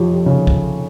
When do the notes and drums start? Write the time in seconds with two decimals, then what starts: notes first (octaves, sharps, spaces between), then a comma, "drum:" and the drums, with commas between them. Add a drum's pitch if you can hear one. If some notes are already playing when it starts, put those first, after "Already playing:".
Already playing: F2 F3 G4 C#5
0.12 G4
0.26 C#3
0.47 drum: kick